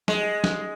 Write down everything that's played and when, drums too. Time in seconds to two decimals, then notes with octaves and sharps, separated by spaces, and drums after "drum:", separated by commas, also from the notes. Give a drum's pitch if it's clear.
0.08 G#3, drum: snare
0.44 drum: snare